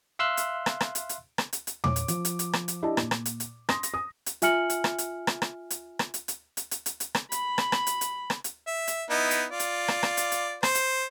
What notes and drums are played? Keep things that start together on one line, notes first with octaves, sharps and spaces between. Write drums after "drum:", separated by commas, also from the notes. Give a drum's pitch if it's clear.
E5 F5 C6 E6 F#6
drum: hi-hat
drum: rim click
drum: rim click
drum: hi-hat
drum: hi-hat
drum: rim click
drum: hi-hat
drum: hi-hat
C#5 D6, drum: tom
drum: hi-hat
F3, drum: hi-hat
drum: hi-hat
drum: hi-hat
drum: rim click
drum: hi-hat
D4 E4 G4 D5 D#5 A5
A#2, drum: rim click
drum: rim click
drum: hi-hat
drum: hi-hat
C6 D#6 A#6, drum: rim click
drum: hi-hat
D#6
drum: hi-hat
F4 E5 G#5 F6 C#7 F#7, drum: hi-hat
drum: hi-hat
drum: rim click
drum: hi-hat
drum: rim click
drum: rim click
drum: hi-hat
drum: rim click
drum: hi-hat
drum: hi-hat
drum: hi-hat
drum: hi-hat
drum: hi-hat
drum: hi-hat
drum: rim click
B5, drum: hi-hat
drum: rim click
drum: rim click
drum: hi-hat
drum: hi-hat
drum: rim click
drum: hi-hat
E5
drum: hi-hat
B3 D#4 E4
drum: hi-hat
F4 D5
drum: hi-hat
drum: rim click
drum: rim click
drum: hi-hat
drum: hi-hat
C5, drum: rim click
drum: hi-hat